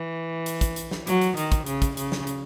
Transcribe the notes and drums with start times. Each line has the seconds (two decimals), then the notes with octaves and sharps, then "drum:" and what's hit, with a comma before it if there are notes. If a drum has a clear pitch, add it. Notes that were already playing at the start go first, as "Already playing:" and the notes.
Already playing: E3
0.46 drum: hi-hat
0.61 drum: kick, hi-hat
0.76 drum: hi-hat
0.91 drum: snare
1.07 F#3, drum: hi-hat
1.22 drum: hi-hat
1.37 D#3, drum: hi-hat
1.52 drum: kick, hi-hat
1.66 C#3, drum: hi-hat
1.82 drum: kick, hi-hat
1.97 C#3, drum: hi-hat
2.12 drum: snare
2.27 drum: hi-hat